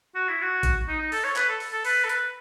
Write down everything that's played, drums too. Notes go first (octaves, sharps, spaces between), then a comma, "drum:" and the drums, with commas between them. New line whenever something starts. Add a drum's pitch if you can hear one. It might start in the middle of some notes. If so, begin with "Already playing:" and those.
F#4
E4
F#4
drum: kick, hi-hat
D#4
D#4
A4, drum: open hi-hat
C#5
B4, drum: clap
A4
drum: open hi-hat
A4
B4, drum: open hi-hat
A4
B4, drum: hi-hat